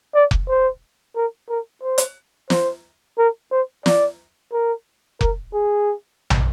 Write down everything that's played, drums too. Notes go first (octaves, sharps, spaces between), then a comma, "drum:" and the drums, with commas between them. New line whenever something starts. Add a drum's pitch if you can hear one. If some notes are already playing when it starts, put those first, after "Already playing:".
D5
drum: kick F1
C5
A#4
A#4
C5
drum: hi-hat
C5, drum: snare
A#4
C5
D5, drum: snare
A#4
A#4, drum: kick F1
G#4
drum: tom